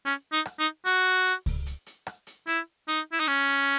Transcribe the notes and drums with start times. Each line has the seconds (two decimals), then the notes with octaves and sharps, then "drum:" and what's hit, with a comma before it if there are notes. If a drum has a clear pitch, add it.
0.05 C#4, drum: hi-hat
0.32 D#4
0.45 drum: rim click
0.59 D#4
0.85 F#4, drum: hi-hat
1.26 drum: hi-hat
1.46 drum: kick C#2, open hi-hat
1.66 drum: hi-hat
1.86 drum: hi-hat
2.07 drum: rim click
2.27 drum: hi-hat
2.47 E4, drum: hi-hat
2.88 D#4, drum: hi-hat
3.12 E4
3.20 D#4
3.27 C#4, drum: hi-hat
3.47 drum: hi-hat